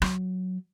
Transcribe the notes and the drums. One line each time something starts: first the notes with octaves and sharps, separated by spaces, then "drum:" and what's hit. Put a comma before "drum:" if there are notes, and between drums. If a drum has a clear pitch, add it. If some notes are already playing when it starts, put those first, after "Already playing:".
F#3, drum: rim click